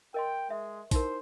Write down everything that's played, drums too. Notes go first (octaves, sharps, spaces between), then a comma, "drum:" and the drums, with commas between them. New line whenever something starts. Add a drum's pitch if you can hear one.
A#4 D#5 G5 C6
G#3 E5
D#4 E4 A#4 C5, drum: kick A#1, open hi-hat